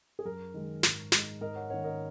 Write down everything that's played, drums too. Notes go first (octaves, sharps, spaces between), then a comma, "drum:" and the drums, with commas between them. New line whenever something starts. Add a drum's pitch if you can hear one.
G#4
F#2 A#4
D#3 G#3
G#2, drum: snare
G#3 D#4, drum: snare
G#2 A#4 D#5
C#5 F#5
D#3 A#3 C#4 C#5 F#5
A#4 D#5